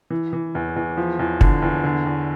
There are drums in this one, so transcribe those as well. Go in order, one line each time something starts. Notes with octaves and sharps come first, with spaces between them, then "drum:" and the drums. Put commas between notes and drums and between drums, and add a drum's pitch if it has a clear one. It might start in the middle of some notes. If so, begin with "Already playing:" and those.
E3
E3
E2
E2
F3
E2
D3, drum: kick
E2
D3
E2